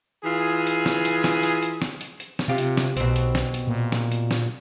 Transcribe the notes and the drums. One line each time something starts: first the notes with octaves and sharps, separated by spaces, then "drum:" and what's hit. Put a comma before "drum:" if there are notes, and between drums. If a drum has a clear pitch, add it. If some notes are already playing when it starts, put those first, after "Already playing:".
E3 F4 G#4
drum: hi-hat
drum: snare
drum: hi-hat
drum: snare
drum: hi-hat
drum: hi-hat
drum: snare
drum: hi-hat
drum: hi-hat
drum: snare
C3 F4 G4
drum: hi-hat
drum: snare
B1 B2 C4, drum: hi-hat
drum: hi-hat
drum: snare
drum: hi-hat
A#2
drum: snare
drum: hi-hat
drum: snare